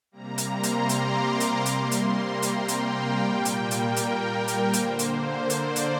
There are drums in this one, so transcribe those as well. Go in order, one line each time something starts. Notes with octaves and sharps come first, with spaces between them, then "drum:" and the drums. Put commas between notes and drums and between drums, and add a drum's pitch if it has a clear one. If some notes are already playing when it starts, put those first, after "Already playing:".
C3 G3 A#3 A#5
drum: hi-hat
C6
drum: hi-hat
D6, drum: hi-hat
D6
drum: hi-hat
C3 G3 A#3 C6, drum: hi-hat
drum: hi-hat
A#5
G5, drum: hi-hat
drum: hi-hat
F5
A#2 G3 A#3 G5
drum: hi-hat
A#4
drum: hi-hat
drum: hi-hat
drum: hi-hat
D3 A#3 C5, drum: hi-hat
drum: hi-hat
C5
D5, drum: hi-hat
drum: hi-hat